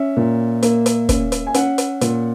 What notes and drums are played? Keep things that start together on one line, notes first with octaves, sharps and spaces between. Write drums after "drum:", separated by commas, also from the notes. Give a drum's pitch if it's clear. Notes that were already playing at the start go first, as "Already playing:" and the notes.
Already playing: C#4 E5
A#2
A#3, drum: hi-hat
drum: hi-hat
C#4, drum: kick, hi-hat
drum: hi-hat
G#5
C#4 F#5, drum: hi-hat
drum: hi-hat
A#2, drum: hi-hat